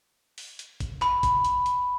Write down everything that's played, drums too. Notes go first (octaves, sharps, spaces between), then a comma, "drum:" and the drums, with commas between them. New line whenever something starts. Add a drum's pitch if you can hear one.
drum: open hi-hat
drum: hi-hat
drum: kick, hi-hat
B5, drum: clap
drum: kick, hi-hat
drum: hi-hat
drum: hi-hat